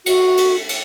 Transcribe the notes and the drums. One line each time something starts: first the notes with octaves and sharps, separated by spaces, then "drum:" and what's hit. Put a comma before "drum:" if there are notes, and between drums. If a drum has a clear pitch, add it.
F#4, drum: cymbal
drum: cymbal
drum: cymbal